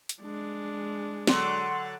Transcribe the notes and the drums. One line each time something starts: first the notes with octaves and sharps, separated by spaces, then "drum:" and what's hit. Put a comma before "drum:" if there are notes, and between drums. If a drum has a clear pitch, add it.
drum: hi-hat
G#3 D4
D3 F#3 C6, drum: snare